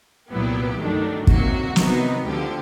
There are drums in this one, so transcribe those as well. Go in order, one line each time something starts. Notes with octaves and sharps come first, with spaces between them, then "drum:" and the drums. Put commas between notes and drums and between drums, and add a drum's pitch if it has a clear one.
C2 A#2 F#3 B3 E4 G4
G2 D#3 F#3 A3 D4
C#2 C3 D#3 F#3 A#3 F#4, drum: kick
C3 D#3 F#3 B3 D#4, drum: snare
D2 D3 F3 G4